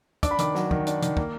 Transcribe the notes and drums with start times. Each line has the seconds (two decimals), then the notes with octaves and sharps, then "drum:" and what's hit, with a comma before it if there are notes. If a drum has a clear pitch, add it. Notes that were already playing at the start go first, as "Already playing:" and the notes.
0.23 D4 D6, drum: kick, hi-hat
0.31 B5
0.39 D#3 D6, drum: hi-hat
0.55 F#3, drum: snare
0.71 D#3, drum: kick
0.87 D4, drum: hi-hat
1.02 D#3, drum: hi-hat
1.17 A#3, drum: kick